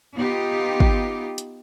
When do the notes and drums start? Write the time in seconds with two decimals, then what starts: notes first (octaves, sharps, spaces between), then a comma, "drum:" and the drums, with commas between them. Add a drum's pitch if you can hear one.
0.14 B3 D#4 F4 G4
0.80 drum: kick
1.38 drum: hi-hat